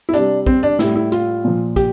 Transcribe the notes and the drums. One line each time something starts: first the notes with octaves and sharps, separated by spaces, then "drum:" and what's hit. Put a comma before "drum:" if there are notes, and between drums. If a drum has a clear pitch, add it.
E4
C3 G3 D4, drum: hi-hat
C4, drum: kick
D4
A2 G3 E4, drum: snare
E4
F4, drum: hi-hat
A#2 F3
G4, drum: kick, hi-hat